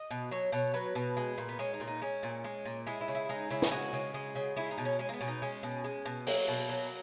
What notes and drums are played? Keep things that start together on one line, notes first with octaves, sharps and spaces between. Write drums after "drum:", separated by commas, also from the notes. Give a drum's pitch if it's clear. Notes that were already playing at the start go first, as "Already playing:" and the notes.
Already playing: D#5
B2
F#3 C#5
B2 C#5
F#3 B4
B2
G#3
A#2
B3
G#3 C#4
D#4
A#2
D#4
G#3 C#4
A#2
G#3
A#2
G#3 E4
E4
C#3
E4
G#3 D#4
C#3 E4
drum: snare
G#3 F#4
C#3
G#3
C#3
G#3 E4
D#4
B2
C#4
G#3 C#4
A#3
B3
B2 C#4
D#4
G#3 C#4
B2
G#3
B2
F#3 A#3, drum: open hi-hat
B2
F#3